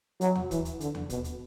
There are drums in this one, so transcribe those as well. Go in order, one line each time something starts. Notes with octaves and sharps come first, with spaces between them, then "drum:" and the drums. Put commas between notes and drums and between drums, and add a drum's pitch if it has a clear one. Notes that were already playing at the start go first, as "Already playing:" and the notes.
F#3, drum: hi-hat
drum: tom D#2
E3, drum: kick, hi-hat
drum: hi-hat
D3, drum: hi-hat
drum: tom D#2
B2, drum: kick, hi-hat
drum: hi-hat